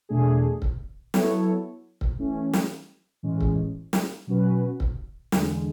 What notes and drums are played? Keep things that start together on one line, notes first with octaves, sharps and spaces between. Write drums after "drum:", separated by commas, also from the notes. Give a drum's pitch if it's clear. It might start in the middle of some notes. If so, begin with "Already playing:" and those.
E2 B2 A3 D4 G#4
drum: kick C#1
F#3 B3 E4 A4 C#5, drum: snare
drum: kick C#1
E3 A3 C#4
drum: snare
A2 E3 G#3 C#4
drum: kick C#1
drum: snare
B2 F#3 C#4 F#4 B4
drum: kick C#1
E2 D3 G#3, drum: snare